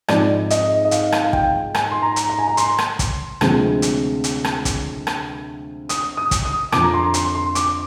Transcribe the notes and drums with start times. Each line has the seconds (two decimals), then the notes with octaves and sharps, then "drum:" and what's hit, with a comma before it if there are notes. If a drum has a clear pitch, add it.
0.08 G#2 F3 C4 D5, drum: rim click
0.50 D#5, drum: hi-hat
0.85 D#5
0.91 F5, drum: hi-hat
1.12 drum: rim click
1.24 F5
1.33 G5, drum: kick
1.75 G#5, drum: rim click
1.91 C6
2.02 A#5
2.16 drum: hi-hat
2.30 A#5
2.38 G#5
2.48 A#5
2.57 C6, drum: hi-hat
2.78 drum: rim click
2.99 drum: kick, hi-hat
3.41 D2 C3 F3 G#3 C4, drum: rim click
3.82 drum: hi-hat
4.24 drum: hi-hat
4.44 drum: rim click
4.65 drum: kick, hi-hat
5.07 drum: rim click
5.89 D#6, drum: hi-hat
6.17 D#6
6.31 drum: kick, hi-hat
6.45 D#6
6.72 F2 D3 F3 D6, drum: rim click
6.83 A#5
6.94 C6
7.14 C6, drum: hi-hat
7.35 C6
7.55 D6, drum: hi-hat